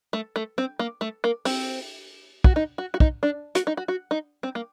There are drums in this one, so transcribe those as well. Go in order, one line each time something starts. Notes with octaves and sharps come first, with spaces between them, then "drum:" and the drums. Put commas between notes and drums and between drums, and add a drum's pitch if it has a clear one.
A3
A3
C4
A#3
A3
A#3
C4, drum: open hi-hat
F#4, drum: kick
D#4
F#4
F#4
D#4, drum: kick
D4
F#4, drum: hi-hat
D#4
F#4
F#4
D#4
C4
A#3